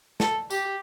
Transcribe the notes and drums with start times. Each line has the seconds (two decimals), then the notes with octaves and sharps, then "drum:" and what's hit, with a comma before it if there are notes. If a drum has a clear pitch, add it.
0.20 A4, drum: snare
0.51 G4, drum: tambourine